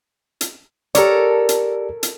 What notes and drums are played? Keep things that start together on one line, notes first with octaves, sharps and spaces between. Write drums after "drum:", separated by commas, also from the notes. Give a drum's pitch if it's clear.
drum: hi-hat
G4 A4 A#4 C#5 D5, drum: hi-hat
drum: hi-hat
drum: hi-hat